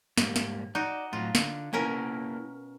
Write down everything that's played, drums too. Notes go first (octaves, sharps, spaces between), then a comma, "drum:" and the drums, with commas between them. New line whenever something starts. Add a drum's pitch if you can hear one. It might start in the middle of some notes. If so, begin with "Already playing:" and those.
G#2 G3 A#3, drum: snare
drum: snare
D#4 F#4 D5
A2 F#3 F4
D3, drum: snare
B2 A#3 C#4 E4 A#4